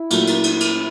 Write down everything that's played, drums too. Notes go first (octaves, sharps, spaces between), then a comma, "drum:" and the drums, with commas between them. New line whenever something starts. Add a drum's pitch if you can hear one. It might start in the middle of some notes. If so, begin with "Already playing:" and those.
Already playing: E4
A#2 F#3 A3, drum: cymbal
drum: cymbal
drum: cymbal
drum: cymbal